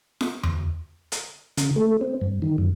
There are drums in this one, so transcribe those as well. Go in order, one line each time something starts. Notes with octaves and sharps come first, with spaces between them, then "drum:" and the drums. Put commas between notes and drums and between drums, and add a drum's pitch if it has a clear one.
drum: snare F4
drum: tom E2
drum: hi-hat
C#3, drum: hi-hat
A3
C4
G2
D#3
F#2